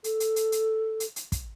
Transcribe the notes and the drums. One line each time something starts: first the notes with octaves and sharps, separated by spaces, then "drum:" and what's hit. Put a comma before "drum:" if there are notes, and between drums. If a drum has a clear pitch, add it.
A4, drum: hi-hat
drum: hi-hat
drum: hi-hat
drum: hi-hat
drum: hi-hat
drum: hi-hat
drum: kick, hi-hat